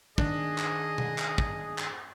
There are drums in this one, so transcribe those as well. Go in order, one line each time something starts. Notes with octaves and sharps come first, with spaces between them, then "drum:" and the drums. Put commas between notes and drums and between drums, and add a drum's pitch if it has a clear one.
D#3 D4 G#4 D#5, drum: kick
drum: clap
drum: tom B2
drum: clap
drum: kick
drum: clap